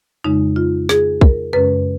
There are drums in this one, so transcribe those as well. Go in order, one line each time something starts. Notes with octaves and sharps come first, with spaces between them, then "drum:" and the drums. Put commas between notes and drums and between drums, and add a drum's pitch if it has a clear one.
F2 C#3 G#3 D#4
F4
G#4, drum: snare
A#4, drum: kick
F#2 C#3 G#3 C#4 B4